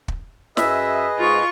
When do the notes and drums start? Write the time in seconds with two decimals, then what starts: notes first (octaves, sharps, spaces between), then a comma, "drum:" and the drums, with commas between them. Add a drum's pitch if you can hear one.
0.08 drum: kick
0.57 F#2 G#4 B4 D#5 E5, drum: snare
1.18 G#2 F4 C#6